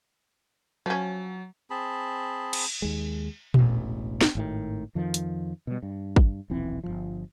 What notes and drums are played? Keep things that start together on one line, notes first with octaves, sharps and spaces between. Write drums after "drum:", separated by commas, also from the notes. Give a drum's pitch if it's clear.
F3 F#3 C#4
C4 G#4 A5 B5
drum: cymbal
D#2 G#3
E1 A1, drum: tom A#2
drum: snare
G#1 A2 D#3
F2 D#3 F3
drum: hi-hat
B2 G3
G2
drum: kick
D#1 B1 E3 C4
G1 D#2 F3